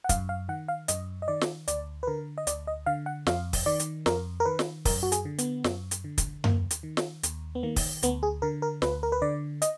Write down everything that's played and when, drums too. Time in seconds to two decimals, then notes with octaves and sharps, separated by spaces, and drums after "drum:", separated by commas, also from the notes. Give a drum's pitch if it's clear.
0.04 F#5
0.09 F#2 F5, drum: kick, hi-hat
0.29 F5
0.49 D#3 F#5
0.68 F5
0.88 F#2 D#5, drum: hi-hat
1.22 D#5
1.28 D#3 D5
1.41 drum: snare
1.68 D2 D5, drum: hi-hat
2.03 B4
2.07 D3 A#4
2.38 D#5
2.47 D2 D5, drum: hi-hat
2.67 D#5
2.86 D3 F5
3.06 F#5
3.27 F2 F5, drum: snare
3.53 drum: kick, open hi-hat
3.66 D#3 D5
3.80 drum: hi-hat
4.06 F2 A#4, drum: snare
4.40 A#4
4.45 D#3 B4
4.59 drum: snare
4.85 F#2 A#4, drum: kick, open hi-hat
5.03 F#4
5.12 G#4, drum: hi-hat
5.25 D3
5.38 B3, drum: hi-hat
5.64 F#2, drum: snare
5.91 drum: hi-hat
6.04 D3
6.18 drum: kick, hi-hat
6.44 D#2 A#3, drum: tom F#2
6.71 drum: hi-hat
6.83 D#3
6.97 drum: snare
7.23 D#2, drum: hi-hat
7.55 B3
7.63 D#3 A#3
7.76 drum: kick, open hi-hat
8.03 D2 B3, drum: hi-hat
8.23 G#4
8.42 D3 A#4
8.62 A#4
8.82 D2 B4, drum: snare
9.03 A#4
9.12 B4
9.22 D3 D5
9.62 D#5, drum: hi-hat